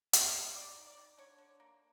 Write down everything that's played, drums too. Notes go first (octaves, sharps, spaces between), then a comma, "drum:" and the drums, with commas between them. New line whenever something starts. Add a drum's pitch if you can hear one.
D#3, drum: hi-hat
C#5
B3
G3 D5
D#3
D5
D#3
D3 C#5
D3
A#3